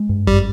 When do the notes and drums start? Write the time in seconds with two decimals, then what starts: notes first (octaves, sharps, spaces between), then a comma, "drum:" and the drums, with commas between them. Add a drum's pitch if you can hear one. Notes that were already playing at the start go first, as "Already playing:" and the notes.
Already playing: G#3
0.09 G2
0.27 F#2 G3, drum: kick G#1